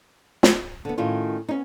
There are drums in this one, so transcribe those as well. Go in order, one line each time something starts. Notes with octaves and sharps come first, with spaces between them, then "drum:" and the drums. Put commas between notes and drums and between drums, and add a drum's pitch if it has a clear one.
drum: snare
D3 B3
A2 D#3 C#4 F4
B3 C#4 D#4